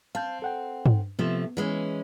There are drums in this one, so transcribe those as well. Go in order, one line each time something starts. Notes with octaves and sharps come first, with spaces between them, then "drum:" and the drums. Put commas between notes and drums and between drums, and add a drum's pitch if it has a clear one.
C4 F5 A5 G6
A4 F#5 G5
drum: tom
C3 F3 A3 B3
E3 G#3 C#4